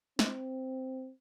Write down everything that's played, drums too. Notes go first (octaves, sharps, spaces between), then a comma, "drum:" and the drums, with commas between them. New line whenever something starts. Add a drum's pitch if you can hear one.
C4, drum: snare